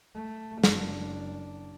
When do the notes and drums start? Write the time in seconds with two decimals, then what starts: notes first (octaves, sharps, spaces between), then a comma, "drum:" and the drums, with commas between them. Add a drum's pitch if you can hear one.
0.15 A3
0.64 F#1 D4, drum: snare